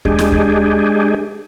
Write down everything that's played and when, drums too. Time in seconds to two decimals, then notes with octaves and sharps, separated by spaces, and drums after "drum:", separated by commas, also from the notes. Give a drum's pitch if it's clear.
0.05 G#3 D4 G4 G#4, drum: kick D#2
0.19 drum: snare
0.32 drum: kick D#2